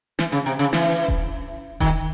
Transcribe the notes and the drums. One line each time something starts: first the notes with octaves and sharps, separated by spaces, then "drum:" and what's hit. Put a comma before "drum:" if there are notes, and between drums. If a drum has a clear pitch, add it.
E3, drum: snare
C#3
C3
C#3
E3, drum: snare
drum: kick D#1
D#3, drum: kick D#1